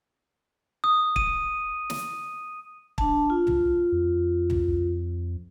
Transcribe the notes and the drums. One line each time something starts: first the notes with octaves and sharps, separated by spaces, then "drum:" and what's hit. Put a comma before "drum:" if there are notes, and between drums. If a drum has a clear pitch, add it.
D#6
D#7, drum: kick
drum: snare
D4 A5, drum: kick
F4
drum: tom
F2
drum: tom